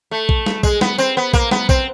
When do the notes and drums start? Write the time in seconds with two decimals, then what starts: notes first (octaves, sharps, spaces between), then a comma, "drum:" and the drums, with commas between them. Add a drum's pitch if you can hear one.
0.11 A3
0.29 drum: kick A#1
0.46 drum: snare
0.63 G#3, drum: kick A#1, tambourine
0.81 B3, drum: snare
0.98 C4, drum: tambourine
1.17 B3
1.34 A#3, drum: kick A#1, tambourine
1.51 B3, drum: snare
1.69 C4, drum: kick A#1, tambourine